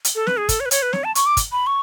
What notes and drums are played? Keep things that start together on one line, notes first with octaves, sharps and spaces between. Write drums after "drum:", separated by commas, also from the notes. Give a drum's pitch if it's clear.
drum: hi-hat
A4
B4, drum: snare
G#4
A4, drum: kick, hi-hat
C#5
B4
C#5, drum: hi-hat
B4
C#5, drum: snare
A5
C#6, drum: hi-hat
D6
drum: kick, hi-hat
B5
C#6